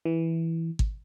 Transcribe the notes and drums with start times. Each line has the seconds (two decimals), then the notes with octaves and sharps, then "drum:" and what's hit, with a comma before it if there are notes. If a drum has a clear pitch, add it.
0.05 E3
0.79 drum: kick